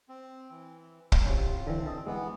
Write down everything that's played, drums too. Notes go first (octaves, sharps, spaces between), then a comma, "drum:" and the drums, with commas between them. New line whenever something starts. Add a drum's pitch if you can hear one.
C4
E3
drum: kick
A2 C3 C#4 F4
D3 E3 C4
A4 D#5
E3 G#3 B3